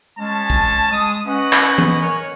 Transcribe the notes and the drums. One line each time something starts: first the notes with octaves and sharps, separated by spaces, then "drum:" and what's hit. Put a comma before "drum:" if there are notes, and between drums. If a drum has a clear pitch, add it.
G#3 C#4 A5
drum: kick
G#3 D#6
C#4 B4 D#5 F#5
drum: clap
drum: tom
A#4 C#5